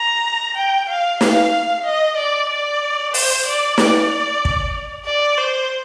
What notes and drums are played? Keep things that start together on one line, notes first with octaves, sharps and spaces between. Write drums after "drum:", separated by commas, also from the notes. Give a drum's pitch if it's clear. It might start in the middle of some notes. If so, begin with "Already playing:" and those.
Already playing: A#5
G5
F5
F5, drum: snare
D#5
D5
D5
C5, drum: open hi-hat
D5
D5, drum: snare
drum: kick
D5
C5